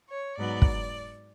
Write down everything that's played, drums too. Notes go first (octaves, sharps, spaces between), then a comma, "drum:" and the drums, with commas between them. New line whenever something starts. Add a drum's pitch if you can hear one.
C#5
G#2 F#3 B3 D5
drum: kick